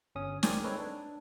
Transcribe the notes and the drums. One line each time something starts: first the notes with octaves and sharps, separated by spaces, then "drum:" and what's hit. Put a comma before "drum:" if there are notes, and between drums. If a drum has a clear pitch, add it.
G1 C#4 D#6
G#4 A#4 C5 D5 G5 G#5, drum: snare
C4 D#4 A4 B4 C#5
D4